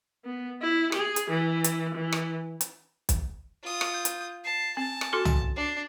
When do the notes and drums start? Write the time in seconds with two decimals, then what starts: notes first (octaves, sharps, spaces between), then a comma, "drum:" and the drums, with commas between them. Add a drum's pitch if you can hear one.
0.25 B3
0.62 E4
0.92 G#4, drum: rim click
1.16 drum: hi-hat
1.30 E3
1.64 drum: hi-hat
1.94 E3
2.12 drum: rim click
2.61 drum: hi-hat
3.09 drum: kick B1, hi-hat
3.63 F4 D#6
3.81 drum: rim click
3.93 G6
4.05 drum: hi-hat
4.44 A5 C7
4.77 C4 G#5 A5
5.01 drum: rim click
5.13 F#4 A4 C6
5.25 drum: tom
5.56 D4 C7